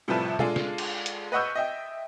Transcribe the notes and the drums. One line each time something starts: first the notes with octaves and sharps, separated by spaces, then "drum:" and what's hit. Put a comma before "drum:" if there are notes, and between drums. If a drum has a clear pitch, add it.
A2 C3 F3 G3 B4 A5
G#3 D4 F4 G#4 A4, drum: tom B2
drum: snare
drum: cymbal
drum: hi-hat
B4 D#5 F#5 C#6 E6 G6
D#5 E5 G5